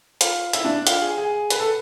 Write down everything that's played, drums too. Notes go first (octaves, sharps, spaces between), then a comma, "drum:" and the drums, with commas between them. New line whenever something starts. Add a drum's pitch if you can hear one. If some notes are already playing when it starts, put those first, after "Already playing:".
F4, drum: hi-hat
E4, drum: hi-hat
D4
F4, drum: hi-hat
G#4
G#4
B4, drum: hi-hat
A4